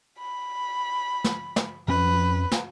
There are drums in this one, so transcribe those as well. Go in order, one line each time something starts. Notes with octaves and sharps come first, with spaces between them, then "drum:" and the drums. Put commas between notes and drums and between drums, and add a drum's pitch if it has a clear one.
B5
drum: snare
drum: snare
F2 F3 C#4 B4
drum: snare